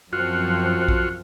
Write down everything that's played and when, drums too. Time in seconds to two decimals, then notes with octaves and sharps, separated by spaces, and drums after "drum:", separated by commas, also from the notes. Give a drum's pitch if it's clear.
0.13 F#2 F3 C4 F4 F#4
0.88 drum: kick A#1